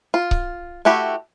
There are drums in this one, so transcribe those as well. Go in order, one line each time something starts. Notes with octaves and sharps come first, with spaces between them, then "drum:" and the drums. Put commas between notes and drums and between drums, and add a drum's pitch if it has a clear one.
F4
drum: kick C#1
A3 E4 F#4 G4